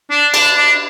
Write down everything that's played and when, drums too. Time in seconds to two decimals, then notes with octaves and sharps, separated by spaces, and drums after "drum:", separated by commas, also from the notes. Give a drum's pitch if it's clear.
0.10 D4
0.34 D4, drum: cymbal
0.57 D4